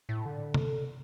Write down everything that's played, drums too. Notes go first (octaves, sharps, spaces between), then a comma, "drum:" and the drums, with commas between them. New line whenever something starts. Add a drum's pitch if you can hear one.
A2
D3
drum: tom